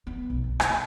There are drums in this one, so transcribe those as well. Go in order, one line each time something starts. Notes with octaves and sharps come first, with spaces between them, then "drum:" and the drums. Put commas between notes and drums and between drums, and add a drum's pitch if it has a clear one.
B3
B1
C#4
B3, drum: rim click